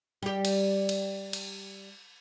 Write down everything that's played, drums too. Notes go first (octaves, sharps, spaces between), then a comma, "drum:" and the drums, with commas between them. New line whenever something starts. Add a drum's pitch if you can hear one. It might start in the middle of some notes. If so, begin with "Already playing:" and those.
G3 G4
drum: cymbal
drum: cymbal
drum: cymbal